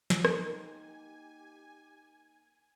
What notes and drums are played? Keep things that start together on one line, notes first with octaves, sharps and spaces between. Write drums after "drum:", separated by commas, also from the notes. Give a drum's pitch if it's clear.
drum: snare
A#3 D#4 G4 G#5, drum: rim click